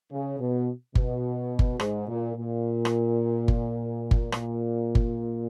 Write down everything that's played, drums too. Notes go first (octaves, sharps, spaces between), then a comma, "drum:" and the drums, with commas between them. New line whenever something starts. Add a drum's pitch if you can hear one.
C#3
B2
B2, drum: kick G1
drum: kick G1
G#2, drum: rim click
A#2
A#2
drum: rim click
drum: kick G1
drum: kick G1
A#2, drum: rim click
drum: kick G1